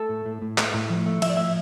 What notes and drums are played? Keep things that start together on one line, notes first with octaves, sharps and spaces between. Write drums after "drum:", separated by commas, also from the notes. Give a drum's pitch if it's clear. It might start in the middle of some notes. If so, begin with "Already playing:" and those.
Already playing: A3 A4
A2
A2
A2
A3, drum: clap
A2
F3
A3
F3 E5, drum: cymbal
D5
A2 E5